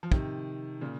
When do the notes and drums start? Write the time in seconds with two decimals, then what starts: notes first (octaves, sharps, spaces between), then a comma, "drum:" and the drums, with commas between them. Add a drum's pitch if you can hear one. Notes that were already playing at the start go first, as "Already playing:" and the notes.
0.03 F3
0.12 C3 D#3, drum: kick
0.81 A#2 C#3